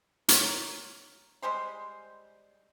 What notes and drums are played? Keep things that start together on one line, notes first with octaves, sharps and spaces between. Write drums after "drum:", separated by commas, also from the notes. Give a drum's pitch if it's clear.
A#4 C#5, drum: hi-hat
G3 G#3 C5 C6